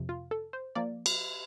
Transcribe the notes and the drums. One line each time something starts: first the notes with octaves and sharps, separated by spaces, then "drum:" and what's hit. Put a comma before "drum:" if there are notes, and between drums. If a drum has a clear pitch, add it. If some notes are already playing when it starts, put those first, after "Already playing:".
Already playing: F2 C3 F3
F4
A4
C5
F3 A#3 D5
drum: cymbal